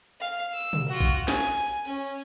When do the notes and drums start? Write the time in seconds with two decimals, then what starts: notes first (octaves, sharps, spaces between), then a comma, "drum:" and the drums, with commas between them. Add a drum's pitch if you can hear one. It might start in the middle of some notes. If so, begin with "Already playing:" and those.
0.21 F5
0.54 E6
0.73 drum: tom
0.89 F4 F#4
1.00 drum: kick A1
1.28 G#5, drum: snare
1.85 C#4, drum: hi-hat